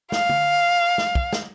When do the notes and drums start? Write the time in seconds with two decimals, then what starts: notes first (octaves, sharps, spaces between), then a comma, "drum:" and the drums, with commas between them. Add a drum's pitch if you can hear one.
0.12 F5, drum: snare
0.29 drum: tom
0.98 drum: snare
1.15 drum: kick
1.33 drum: snare